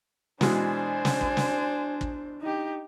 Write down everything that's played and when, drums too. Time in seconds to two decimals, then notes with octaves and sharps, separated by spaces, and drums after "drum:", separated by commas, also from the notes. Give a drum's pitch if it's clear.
0.41 B2 E3 G#3 D4 C5 G#5, drum: snare
1.05 drum: snare
1.21 drum: kick
1.37 drum: snare
2.01 drum: kick
2.41 D#4 G4